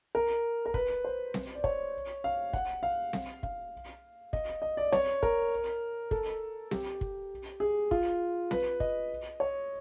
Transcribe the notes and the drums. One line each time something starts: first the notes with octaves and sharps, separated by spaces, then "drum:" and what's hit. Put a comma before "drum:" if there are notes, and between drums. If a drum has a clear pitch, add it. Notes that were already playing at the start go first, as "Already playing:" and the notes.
A#4
A#4
B4, drum: kick
C5
drum: snare C4
D5
C#5, drum: kick
F5
F#5, drum: kick
F5
drum: snare C4
F5, drum: kick
D#5, drum: kick
D#5
D5
C#5, drum: snare C4
A#4, drum: kick
A4, drum: kick
G4, drum: snare C4
drum: kick
G#4
F4, drum: kick
B4, drum: snare C4
D#5, drum: kick
C#5